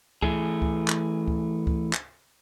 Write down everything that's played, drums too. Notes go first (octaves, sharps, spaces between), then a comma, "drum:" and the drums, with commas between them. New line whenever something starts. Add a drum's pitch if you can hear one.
E3 A3 G#4, drum: kick C#2
drum: kick C#2
drum: clap
drum: kick C#2
drum: kick C#2
drum: clap